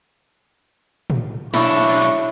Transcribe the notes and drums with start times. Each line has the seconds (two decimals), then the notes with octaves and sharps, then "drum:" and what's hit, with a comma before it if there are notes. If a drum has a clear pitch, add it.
1.10 drum: tom
1.54 B1 D4 E4 C#5 C#6, drum: snare